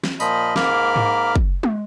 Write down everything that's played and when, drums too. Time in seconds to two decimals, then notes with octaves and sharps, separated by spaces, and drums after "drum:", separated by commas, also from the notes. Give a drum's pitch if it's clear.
0.04 drum: snare
0.20 A#2 F3 D#5 B5, drum: tambourine
0.56 G#2 A#3 A#4 B5 D6 F6, drum: snare
0.96 drum: tom G#2
1.36 drum: kick
1.63 drum: tom G#3